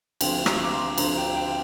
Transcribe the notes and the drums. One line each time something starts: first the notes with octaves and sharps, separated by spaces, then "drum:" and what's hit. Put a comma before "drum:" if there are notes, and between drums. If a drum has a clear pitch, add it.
D2 D3 F3 C4 G5, drum: cymbal
A#5, drum: rim click
D6
C6
D2 D3 F3 C4 A#5, drum: cymbal
G5
G5